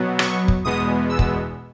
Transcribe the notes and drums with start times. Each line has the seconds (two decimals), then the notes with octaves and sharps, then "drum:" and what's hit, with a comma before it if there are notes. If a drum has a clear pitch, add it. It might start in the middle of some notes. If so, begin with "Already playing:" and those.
Already playing: B2 F#3 B3
0.19 C#6, drum: rim click
0.48 drum: kick
0.64 E2 B2 G#3 B3 D#6
1.09 E6
1.19 drum: kick